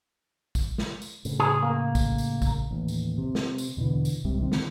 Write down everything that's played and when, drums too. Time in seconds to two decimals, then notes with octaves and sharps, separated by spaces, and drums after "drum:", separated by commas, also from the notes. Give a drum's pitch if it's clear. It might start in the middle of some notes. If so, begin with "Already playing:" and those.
0.55 drum: kick, tambourine
0.78 drum: snare
1.02 drum: tambourine
1.25 A2 C#3, drum: tambourine
1.40 G#4
1.63 A#3
1.95 drum: kick, tambourine
2.18 drum: tambourine
2.42 drum: kick, tambourine
2.71 A1 D#2
2.88 drum: tambourine
3.18 C3
3.35 drum: snare
3.58 drum: tambourine
3.77 E2 B2 D3 E3
4.05 drum: tambourine
4.25 C2 G#2 C3 G3
4.42 D#3 C4
4.52 drum: snare